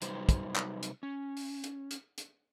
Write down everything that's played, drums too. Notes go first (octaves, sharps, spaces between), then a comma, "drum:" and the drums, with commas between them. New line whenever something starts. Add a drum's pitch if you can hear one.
C3 F#3 G3 D#4 B4 C5, drum: hi-hat
drum: kick, hi-hat
drum: clap
drum: hi-hat
C#4
drum: open hi-hat
drum: hi-hat
drum: hi-hat
drum: hi-hat